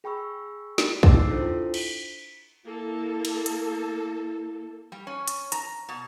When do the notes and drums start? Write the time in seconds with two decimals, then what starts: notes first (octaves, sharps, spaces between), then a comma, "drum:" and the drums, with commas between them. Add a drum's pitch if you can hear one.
0.04 G#4 G5 B5 C#6 E6
0.78 drum: snare
1.03 D#4 G5 D6 E6 C7, drum: kick
1.29 D4 E4 F4 A4 C5
1.74 B6, drum: cymbal
2.66 A#3 E4 A4
3.25 drum: cymbal
3.46 drum: hi-hat
4.92 G3
5.07 C#4
5.28 drum: hi-hat
5.52 A#5, drum: hi-hat
5.89 B2